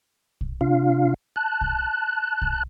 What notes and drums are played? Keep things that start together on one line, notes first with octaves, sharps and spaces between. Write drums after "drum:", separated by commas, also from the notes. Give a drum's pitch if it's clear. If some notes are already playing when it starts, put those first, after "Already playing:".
drum: kick
C3 D4 F4 F5
A5 F#6
drum: kick
drum: kick